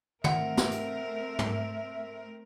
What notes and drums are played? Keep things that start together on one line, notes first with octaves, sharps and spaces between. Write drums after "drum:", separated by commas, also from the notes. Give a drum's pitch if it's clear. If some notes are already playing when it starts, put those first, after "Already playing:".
A3 C4 A#4 E5 F#5, drum: tom
drum: snare
drum: hi-hat
drum: tom